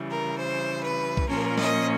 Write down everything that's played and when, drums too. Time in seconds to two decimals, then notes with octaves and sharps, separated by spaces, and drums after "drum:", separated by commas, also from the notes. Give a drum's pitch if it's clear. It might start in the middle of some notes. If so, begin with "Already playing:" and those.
Already playing: C#3 E3 G3
0.09 A#4
0.38 C5
0.83 B4
1.17 drum: kick B1
1.28 A#2 F3 A#3 C#4 A#4
1.58 D#5, drum: snare